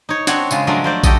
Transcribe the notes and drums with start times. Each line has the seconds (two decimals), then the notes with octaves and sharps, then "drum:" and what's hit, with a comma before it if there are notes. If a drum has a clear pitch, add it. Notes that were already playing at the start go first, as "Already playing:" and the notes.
0.09 D#4 C#5
0.27 C4 D4 F#4 C#5 F#5, drum: snare
0.51 C#3 G#3 F4, drum: tambourine
0.67 F3 F#3 G#3 A3 D4 A#4
0.84 A3 C5 D5
1.04 F#4 G4 A4 D#5, drum: kick, tambourine